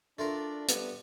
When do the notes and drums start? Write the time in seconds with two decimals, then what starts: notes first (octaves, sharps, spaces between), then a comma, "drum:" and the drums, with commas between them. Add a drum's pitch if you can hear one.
0.19 A3 D4 F4 A#4
0.68 G3 B3 D4, drum: hi-hat